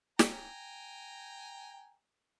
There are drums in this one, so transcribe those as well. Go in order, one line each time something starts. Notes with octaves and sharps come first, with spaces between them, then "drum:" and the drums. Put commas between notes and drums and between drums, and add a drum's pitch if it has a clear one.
G5 G#5 A#5, drum: snare